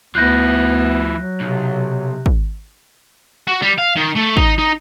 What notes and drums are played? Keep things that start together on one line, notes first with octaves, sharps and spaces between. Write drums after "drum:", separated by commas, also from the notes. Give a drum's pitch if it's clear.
D2 F3 B3 E4 F#6 G6 A#6
F#3
B1 C3
drum: kick
F#4
G3
F5
D#3
A3
D#4, drum: kick
D#4